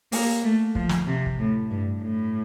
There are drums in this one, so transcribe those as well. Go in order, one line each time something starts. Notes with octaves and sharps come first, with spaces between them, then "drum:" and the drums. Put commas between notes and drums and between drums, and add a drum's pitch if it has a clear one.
A#3, drum: open hi-hat
A3
F3, drum: kick
drum: snare
C3
drum: kick
A2
G2
A2